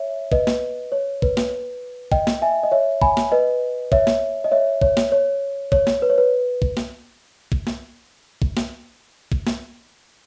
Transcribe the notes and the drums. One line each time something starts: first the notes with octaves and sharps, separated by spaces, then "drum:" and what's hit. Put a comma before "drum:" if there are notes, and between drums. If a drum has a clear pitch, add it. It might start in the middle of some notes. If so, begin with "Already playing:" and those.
Already playing: C#5 E5
B4 D#5, drum: kick
drum: snare
C#5
B4, drum: kick
drum: snare
D#5 G5, drum: kick
drum: snare
E5 G#5
D#5
C#5 E5
G#5 B5, drum: kick
drum: snare
B4 D#5
C#5 E5, drum: kick
drum: snare
D#5
C#5 E5
C#5, drum: kick
drum: snare
C#5
C#5, drum: kick
drum: snare
B4
C#5
B4
drum: kick
drum: snare
drum: kick
drum: snare
drum: kick
drum: snare
drum: kick
drum: snare